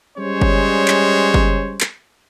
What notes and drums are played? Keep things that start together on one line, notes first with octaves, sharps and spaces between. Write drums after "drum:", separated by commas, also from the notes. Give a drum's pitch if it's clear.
G3 G#3 C#4 C5 C#5
drum: kick G1
drum: clap
drum: kick G1
drum: clap